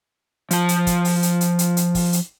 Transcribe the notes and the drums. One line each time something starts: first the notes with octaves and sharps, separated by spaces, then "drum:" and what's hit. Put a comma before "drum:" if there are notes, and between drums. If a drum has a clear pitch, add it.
F3 A5, drum: hi-hat
drum: hi-hat
drum: kick, hi-hat
drum: open hi-hat
drum: hi-hat
drum: hi-hat
drum: hi-hat
drum: hi-hat
drum: kick, open hi-hat
drum: hi-hat